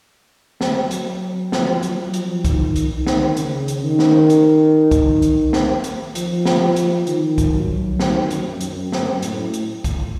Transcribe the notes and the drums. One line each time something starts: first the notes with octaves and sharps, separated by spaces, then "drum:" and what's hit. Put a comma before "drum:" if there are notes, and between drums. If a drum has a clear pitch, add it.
F#3, drum: snare
drum: hi-hat
F3, drum: snare
F#3, drum: hi-hat
F3, drum: hi-hat
D#3, drum: kick C2, hi-hat
drum: hi-hat
D#3
drum: snare
C#3, drum: hi-hat
drum: hi-hat
D#3
drum: snare
drum: hi-hat
drum: kick C2, hi-hat
drum: hi-hat
drum: snare
drum: hi-hat
F3, drum: hi-hat
drum: snare
F3
drum: hi-hat
D#3, drum: hi-hat
drum: kick C2, hi-hat
F#3
D#3, drum: snare
F#2, drum: hi-hat
F#2, drum: hi-hat
F#2, drum: snare
A2, drum: hi-hat
drum: hi-hat
drum: kick C2, hi-hat